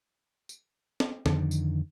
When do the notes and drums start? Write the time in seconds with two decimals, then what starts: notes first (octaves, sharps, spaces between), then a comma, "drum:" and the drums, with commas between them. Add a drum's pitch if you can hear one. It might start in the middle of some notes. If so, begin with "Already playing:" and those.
0.49 drum: tambourine
1.00 drum: snare
1.26 F2 D3 D#3, drum: snare
1.51 drum: tambourine